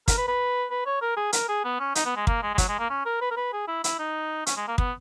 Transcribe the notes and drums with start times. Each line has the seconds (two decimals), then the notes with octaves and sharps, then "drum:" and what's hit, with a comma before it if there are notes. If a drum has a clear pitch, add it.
0.08 A#4, drum: kick, hi-hat
0.18 B4
0.28 B4
0.71 B4
0.86 C#5
1.02 A#4
1.17 G#4
1.33 A#4, drum: hi-hat
1.49 G#4
1.64 B3
1.80 C#4
1.95 D#4, drum: hi-hat
2.06 B3
2.16 G#3
2.27 A#3, drum: kick
2.43 G#3
2.54 G#3
2.58 F#3, drum: kick, hi-hat
2.69 G#3
2.79 A#3
2.90 C#4
3.05 A#4
3.21 B4
3.31 A#4
3.37 B4
3.53 G#4
3.68 E4
3.84 E4, drum: hi-hat
3.99 D#4
4.47 C#4, drum: hi-hat
4.57 G#3
4.68 A#3
4.78 B3, drum: kick